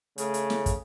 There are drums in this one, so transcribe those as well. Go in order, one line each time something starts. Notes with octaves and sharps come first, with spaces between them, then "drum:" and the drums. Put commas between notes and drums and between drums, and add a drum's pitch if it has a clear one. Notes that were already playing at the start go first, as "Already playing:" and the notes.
C#3 A3, drum: hi-hat
drum: hi-hat
drum: snare
drum: kick, hi-hat